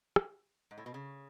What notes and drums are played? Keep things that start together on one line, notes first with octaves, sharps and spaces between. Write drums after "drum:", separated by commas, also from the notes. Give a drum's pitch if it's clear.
drum: rim click
G#2
A2
B2
C#3